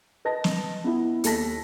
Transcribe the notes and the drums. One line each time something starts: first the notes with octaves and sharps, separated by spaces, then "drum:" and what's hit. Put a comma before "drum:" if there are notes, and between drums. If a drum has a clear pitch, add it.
B4 D#5 A5 A#6
drum: snare
B3 E4
D#2 A4 A5 A#6 B6, drum: hi-hat